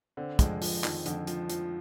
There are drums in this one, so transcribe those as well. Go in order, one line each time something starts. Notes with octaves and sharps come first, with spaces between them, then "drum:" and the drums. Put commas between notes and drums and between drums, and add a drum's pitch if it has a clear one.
D3 C4
F2 G#3, drum: kick, hi-hat
F3, drum: open hi-hat
F2 D#3, drum: clap
F2 D3, drum: hi-hat
F3, drum: hi-hat
F3, drum: hi-hat